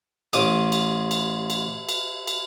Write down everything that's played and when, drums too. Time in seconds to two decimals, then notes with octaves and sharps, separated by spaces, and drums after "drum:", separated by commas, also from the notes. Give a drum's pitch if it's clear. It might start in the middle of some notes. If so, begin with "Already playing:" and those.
0.33 A1 D6 D#6, drum: cymbal
0.72 drum: cymbal
1.11 drum: cymbal
1.50 drum: cymbal
1.89 drum: cymbal
2.27 drum: cymbal